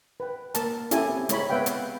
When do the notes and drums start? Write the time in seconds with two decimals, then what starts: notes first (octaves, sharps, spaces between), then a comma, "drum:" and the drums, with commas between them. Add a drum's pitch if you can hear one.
0.20 B4 G5
0.55 A#3 A#4 A5, drum: hi-hat
0.91 C#4 E4 G4 A4 G#5, drum: hi-hat
1.10 C4
1.29 G#3 C4 E4 C#5 A#5 B5, drum: hi-hat
1.50 B3 B4 E5 F5 G5
1.66 drum: hi-hat